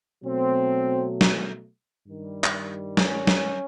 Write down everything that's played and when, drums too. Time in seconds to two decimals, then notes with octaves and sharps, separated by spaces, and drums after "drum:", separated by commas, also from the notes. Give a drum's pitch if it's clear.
0.24 B2 F#3 A3 C4
1.21 drum: snare
2.06 G2 D#3 G3
2.44 drum: clap
2.97 C#4, drum: snare
3.27 drum: snare